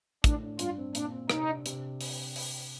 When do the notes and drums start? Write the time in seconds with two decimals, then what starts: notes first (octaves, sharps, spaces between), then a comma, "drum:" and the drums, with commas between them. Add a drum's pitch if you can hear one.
0.24 A2 D4, drum: kick, hi-hat
0.42 D4
0.59 G2 F4, drum: hi-hat
0.78 C4
0.95 A#2 D4, drum: hi-hat
1.12 C4
1.30 C3 D#4, drum: rim click
1.48 D4
1.66 C3, drum: hi-hat
2.01 drum: open hi-hat
2.36 drum: open hi-hat